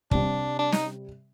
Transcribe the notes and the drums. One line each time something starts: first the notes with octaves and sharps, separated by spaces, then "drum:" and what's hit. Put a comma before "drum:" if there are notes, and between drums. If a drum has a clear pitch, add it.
C3 G3 C4 D4, drum: kick
D4
D#4, drum: snare